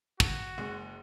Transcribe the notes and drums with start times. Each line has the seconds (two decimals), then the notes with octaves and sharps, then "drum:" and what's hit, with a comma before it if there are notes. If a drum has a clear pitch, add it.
0.20 F#4, drum: kick
0.58 F#1 G#3